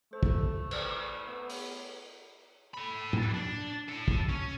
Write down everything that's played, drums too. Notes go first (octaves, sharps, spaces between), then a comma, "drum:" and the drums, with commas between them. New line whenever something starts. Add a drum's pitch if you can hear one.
A3 A4 C5
drum: kick
B4 C5 D5, drum: cymbal
B3
drum: open hi-hat
A4 B5
drum: tom
D4
E4 A4
drum: kick
C#4